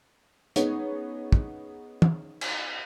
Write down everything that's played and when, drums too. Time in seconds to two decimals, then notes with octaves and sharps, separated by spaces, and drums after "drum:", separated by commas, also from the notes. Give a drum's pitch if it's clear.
0.56 B3 C#4 D#4 G#4 C#5, drum: hi-hat
1.32 drum: kick
2.02 drum: tom
2.41 drum: cymbal